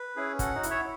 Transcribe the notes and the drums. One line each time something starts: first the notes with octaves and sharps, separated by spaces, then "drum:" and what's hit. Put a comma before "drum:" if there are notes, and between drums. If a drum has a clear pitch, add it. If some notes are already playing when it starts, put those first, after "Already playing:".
Already playing: B4
C#4 E4 G#4
F#4 A4 F#5, drum: kick, hi-hat
D#4 F#4
E4, drum: hi-hat
C#5 E5